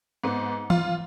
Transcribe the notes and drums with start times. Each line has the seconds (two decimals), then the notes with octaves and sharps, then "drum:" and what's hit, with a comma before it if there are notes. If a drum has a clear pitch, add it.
0.24 G#2 B3
0.70 F4, drum: tom E3